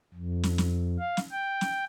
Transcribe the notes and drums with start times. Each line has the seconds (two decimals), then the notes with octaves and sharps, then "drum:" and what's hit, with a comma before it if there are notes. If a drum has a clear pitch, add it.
0.14 F2
0.43 drum: snare
0.58 drum: snare
0.99 F5
1.17 drum: snare
1.32 G5
1.61 drum: snare